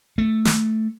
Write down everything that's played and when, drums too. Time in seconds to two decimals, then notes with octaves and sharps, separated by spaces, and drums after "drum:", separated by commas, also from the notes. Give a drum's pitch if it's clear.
0.18 A3
0.45 drum: snare